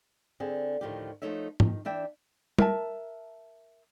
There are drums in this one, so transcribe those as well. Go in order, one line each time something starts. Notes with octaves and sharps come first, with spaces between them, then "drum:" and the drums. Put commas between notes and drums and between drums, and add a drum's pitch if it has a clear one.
D3 C4 G#4
D2 A2 D#3 F3 G4
F3 G#3 A3 D#4 C#5 E5
D#3, drum: tom G#2
E3 D4 E5 G5
A#4 E5 A5, drum: tom